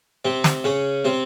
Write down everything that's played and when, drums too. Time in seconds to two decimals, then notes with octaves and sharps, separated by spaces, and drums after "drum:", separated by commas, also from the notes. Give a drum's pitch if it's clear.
0.25 C3 C4
0.44 drum: snare
0.64 C#3 C#4
1.05 C3 C4